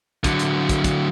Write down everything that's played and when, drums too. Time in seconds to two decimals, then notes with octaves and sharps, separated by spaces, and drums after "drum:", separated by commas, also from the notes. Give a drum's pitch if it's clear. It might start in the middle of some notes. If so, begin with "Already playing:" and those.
0.24 D3 F#3, drum: kick, hi-hat
0.39 drum: hi-hat
0.69 drum: kick, hi-hat
0.84 drum: kick, hi-hat